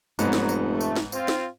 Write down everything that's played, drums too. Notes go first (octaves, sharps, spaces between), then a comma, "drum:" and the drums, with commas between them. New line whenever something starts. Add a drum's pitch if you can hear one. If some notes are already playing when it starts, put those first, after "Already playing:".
F1 G#2 F#3 B3 D#4, drum: tambourine
drum: snare
drum: tambourine
A3
drum: tambourine
drum: snare
C4 F4, drum: tambourine
drum: snare